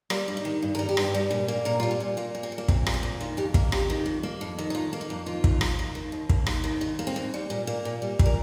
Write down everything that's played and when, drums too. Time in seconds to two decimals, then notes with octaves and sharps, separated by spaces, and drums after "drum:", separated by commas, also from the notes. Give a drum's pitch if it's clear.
0.10 G3 A#3, drum: rim click
0.28 G2
0.37 D#4
0.45 D#3
0.62 G2
0.75 G3 A#4
0.89 G4
0.97 G2, drum: rim click
1.14 G3
1.31 A#2
1.48 A#3
1.65 A#2 A#4
1.80 G3 F4
1.91 G4
2.00 A#2
2.17 A#3 F4
2.35 A#2
2.43 C4
2.52 G3
2.58 A#3
2.68 A#2 C4, drum: kick
2.86 A#3, drum: rim click
2.94 C4
3.03 A#2
3.20 D#3 F4
3.37 F2 G4
3.54 A#3 A#4, drum: kick
3.72 F2 G4, drum: rim click
3.90 D#3
4.06 F2
4.23 A#3
4.41 F2
4.58 D#3
4.70 D#4
4.75 F2 F4
4.93 A#3
5.01 D#4
5.10 F2
5.26 D#3 F4
5.44 D#2, drum: kick
5.61 A#3, drum: rim click
5.79 D#2
5.95 D#3
6.12 D#2
6.30 A#3, drum: kick
6.46 D#2, drum: rim click
6.64 D#3
6.81 D#2 D#4
6.99 A#3
7.07 C4
7.16 D#2
7.34 G3
7.50 A#2
7.67 A#3
7.85 A#2
8.02 G3
8.19 A#2, drum: kick
8.26 A#4